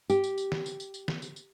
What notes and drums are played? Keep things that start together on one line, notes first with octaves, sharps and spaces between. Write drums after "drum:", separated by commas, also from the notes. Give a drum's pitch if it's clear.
G4, drum: tambourine
drum: tambourine
drum: tambourine
drum: snare
drum: tambourine
drum: tambourine
drum: tambourine
drum: snare
drum: tambourine
drum: tambourine